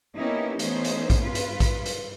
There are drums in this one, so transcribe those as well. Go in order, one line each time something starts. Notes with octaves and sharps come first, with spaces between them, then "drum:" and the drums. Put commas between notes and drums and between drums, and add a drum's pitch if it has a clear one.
A#3 B3 C#4 D#4 E4 G4
E3 A3 B3 C#4 D#4 C5, drum: hi-hat
drum: hi-hat
drum: kick A#1, hi-hat
G2 F4 B4
drum: hi-hat
drum: kick A#1, hi-hat
drum: hi-hat